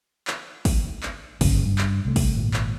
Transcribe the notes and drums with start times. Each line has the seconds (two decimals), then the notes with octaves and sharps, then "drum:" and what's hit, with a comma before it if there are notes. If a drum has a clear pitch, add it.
0.27 drum: clap
0.65 drum: kick, open hi-hat
1.03 drum: clap
1.41 G1 C#3, drum: kick, open hi-hat
1.66 G2
1.78 drum: clap
2.05 C2 A3
2.16 drum: kick, open hi-hat
2.35 G#1 A#2
2.54 drum: clap